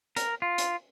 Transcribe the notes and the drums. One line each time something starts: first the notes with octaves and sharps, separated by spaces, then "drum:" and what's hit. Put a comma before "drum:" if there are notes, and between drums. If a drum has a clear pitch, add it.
A#4, drum: hi-hat
F4
drum: hi-hat